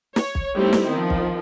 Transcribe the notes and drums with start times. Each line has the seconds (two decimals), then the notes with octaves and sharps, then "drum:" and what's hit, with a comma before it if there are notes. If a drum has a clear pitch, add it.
0.16 C#5, drum: snare
0.35 drum: kick B1
0.54 G3 A3 B3 C4 D#4 E4
0.73 drum: snare
0.89 D#3 F3
1.10 drum: kick B1